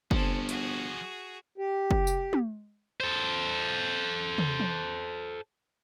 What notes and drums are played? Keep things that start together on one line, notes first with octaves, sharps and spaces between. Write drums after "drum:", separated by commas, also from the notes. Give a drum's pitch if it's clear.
G1 F3 C4 C#4 A4, drum: kick
F#4 G#4, drum: hi-hat
G4
drum: kick
drum: tambourine
drum: tom
A4 C5
drum: tom
drum: tom